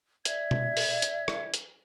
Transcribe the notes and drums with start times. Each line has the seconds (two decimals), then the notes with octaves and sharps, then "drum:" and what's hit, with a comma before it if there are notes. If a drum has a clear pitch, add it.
0.25 D5 E5 G#6, drum: hi-hat
0.51 drum: tom B2
0.77 drum: open hi-hat
1.02 drum: hi-hat
1.28 drum: rim click
1.54 drum: hi-hat